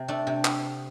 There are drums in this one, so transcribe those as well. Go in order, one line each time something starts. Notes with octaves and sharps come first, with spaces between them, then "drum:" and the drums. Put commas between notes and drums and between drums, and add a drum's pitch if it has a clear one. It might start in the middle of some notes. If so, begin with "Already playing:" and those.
Already playing: C3
A3 D4
C3
drum: clap